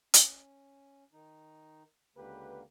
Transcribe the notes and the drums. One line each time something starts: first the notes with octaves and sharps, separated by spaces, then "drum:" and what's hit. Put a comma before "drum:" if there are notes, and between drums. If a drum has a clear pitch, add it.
C#4, drum: hi-hat
D#3 D#4
C#2 D3 A#3 G4 B4